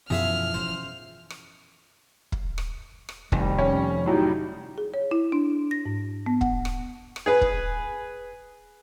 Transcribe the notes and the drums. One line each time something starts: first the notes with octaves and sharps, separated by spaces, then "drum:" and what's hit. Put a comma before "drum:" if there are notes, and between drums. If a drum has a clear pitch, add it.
F#2 B2 E3 F3 G#4 E5 F5 F6
C#4 D#4 C5
drum: rim click
drum: kick
drum: rim click
drum: rim click
F1 F2 D#3 G3, drum: kick
C#4
A2 F#3 G3 D#4
G#4
C#5
E4
D4
A#6
G#2
B3
F#5, drum: kick
drum: rim click
drum: rim click
G#4 B4
drum: kick